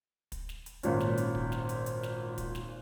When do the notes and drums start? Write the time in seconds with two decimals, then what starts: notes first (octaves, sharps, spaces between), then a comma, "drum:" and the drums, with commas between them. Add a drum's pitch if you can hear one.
0.32 drum: kick, hi-hat
0.49 drum: snare
0.66 drum: hi-hat
0.83 G#1 A#2 C#4, drum: hi-hat
1.00 drum: snare
1.18 drum: hi-hat
1.35 drum: kick
1.52 drum: snare
1.69 drum: hi-hat
1.86 drum: hi-hat
2.03 drum: snare
2.38 drum: kick, hi-hat
2.55 drum: snare